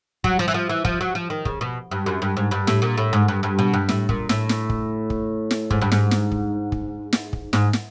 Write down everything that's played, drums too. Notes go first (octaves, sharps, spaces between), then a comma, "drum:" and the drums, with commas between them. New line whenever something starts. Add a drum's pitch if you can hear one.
F#3, drum: kick
F3
E3
F3
E3
F3, drum: kick
F#3
F3
D#3
C#3, drum: kick
B2
G2
F#2
G2
G#2
G2
A2, drum: snare
A#2
A2
G#2
G2
G2
B2
G2
A2, drum: snare
A#2, drum: kick
A2, drum: snare
drum: snare
drum: kick
drum: kick
drum: snare
G#2, drum: kick
G2
G#2, drum: snare
drum: snare
drum: kick
drum: kick
drum: snare
drum: kick
G#2, drum: snare
drum: snare